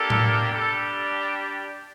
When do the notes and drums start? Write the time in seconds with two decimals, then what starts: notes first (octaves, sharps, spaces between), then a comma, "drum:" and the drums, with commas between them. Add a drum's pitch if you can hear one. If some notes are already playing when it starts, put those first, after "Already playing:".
Already playing: A#3 D4 G4 A4
0.10 drum: tom A2
0.52 G3 D4 G4 A4